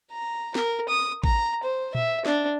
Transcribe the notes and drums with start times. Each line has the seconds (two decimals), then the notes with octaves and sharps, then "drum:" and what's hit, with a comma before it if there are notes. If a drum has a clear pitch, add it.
0.12 A#5
0.55 A#4, drum: snare
0.89 D#6
1.24 A#5, drum: kick A1
1.63 C5
1.95 E5, drum: tom A#2
2.26 D4, drum: snare